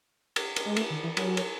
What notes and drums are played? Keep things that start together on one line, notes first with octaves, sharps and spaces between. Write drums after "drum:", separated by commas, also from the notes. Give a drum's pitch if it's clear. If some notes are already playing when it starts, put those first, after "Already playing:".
drum: cymbal
drum: cymbal
G#3
A3, drum: cymbal
D#3
E3
F#3, drum: cymbal
drum: cymbal